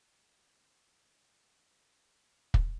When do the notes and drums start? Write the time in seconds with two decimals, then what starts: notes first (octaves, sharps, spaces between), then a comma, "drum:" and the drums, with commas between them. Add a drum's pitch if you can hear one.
0.09 G4
0.61 C#5
1.64 C#6
2.21 C#6
2.54 drum: kick